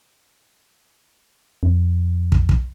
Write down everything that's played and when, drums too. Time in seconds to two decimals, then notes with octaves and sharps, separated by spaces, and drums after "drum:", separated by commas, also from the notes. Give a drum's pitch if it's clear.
1.63 F2
2.32 drum: kick
2.49 drum: kick